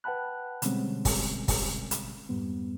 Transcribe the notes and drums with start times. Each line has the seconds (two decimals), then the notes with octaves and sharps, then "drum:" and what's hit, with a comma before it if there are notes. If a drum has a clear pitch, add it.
0.04 B4 F#5 G5 A5 B5 F#6
0.62 B2 D3 G3 G#3 C4 C#4, drum: hi-hat
1.05 drum: kick, open hi-hat
1.48 drum: kick, open hi-hat
1.91 drum: hi-hat
2.29 F2 G#2 G3 B3